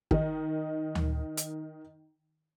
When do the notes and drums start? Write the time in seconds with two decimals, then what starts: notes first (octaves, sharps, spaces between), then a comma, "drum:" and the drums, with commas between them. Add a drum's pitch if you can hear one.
0.11 D#3 D#4, drum: kick
0.95 drum: tom D2
1.37 drum: hi-hat